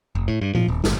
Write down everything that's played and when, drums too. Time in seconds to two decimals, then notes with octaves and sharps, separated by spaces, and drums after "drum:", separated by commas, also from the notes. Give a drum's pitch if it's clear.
0.15 F1
0.28 A2
0.41 G2
0.55 F3, drum: tom A#2
0.68 D#1
0.84 G1, drum: snare